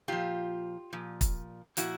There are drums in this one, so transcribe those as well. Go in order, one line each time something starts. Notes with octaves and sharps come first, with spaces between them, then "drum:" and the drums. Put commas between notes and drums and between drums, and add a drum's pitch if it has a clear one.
A#2 F3 F4 G4
A#2 F3
drum: kick, hi-hat
A#2 F3 E4 F#4, drum: hi-hat